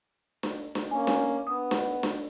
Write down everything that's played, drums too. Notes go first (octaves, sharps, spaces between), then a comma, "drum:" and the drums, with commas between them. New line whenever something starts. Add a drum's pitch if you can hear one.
drum: snare D4
drum: snare D4
A#3 C#4 G#5
drum: snare D4
B3 D4 D#6
drum: snare D4
drum: snare D4